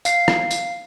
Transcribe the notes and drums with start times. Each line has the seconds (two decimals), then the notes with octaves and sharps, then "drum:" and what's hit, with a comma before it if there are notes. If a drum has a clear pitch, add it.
0.05 F5 C7, drum: tambourine
0.28 drum: rim click
0.51 drum: tambourine